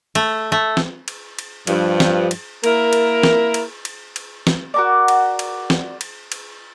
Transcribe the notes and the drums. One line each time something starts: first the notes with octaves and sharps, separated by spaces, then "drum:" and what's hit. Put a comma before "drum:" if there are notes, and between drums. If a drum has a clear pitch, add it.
A3, drum: cymbal
A3
drum: snare
drum: cymbal
drum: cymbal
G2 F3, drum: cymbal
drum: snare
drum: cymbal
A#3 E4 A#4, drum: cymbal
drum: cymbal
drum: snare
drum: cymbal
drum: cymbal
drum: cymbal
drum: snare
F#4 A#4 D5
drum: cymbal
drum: cymbal
drum: snare
drum: cymbal
drum: cymbal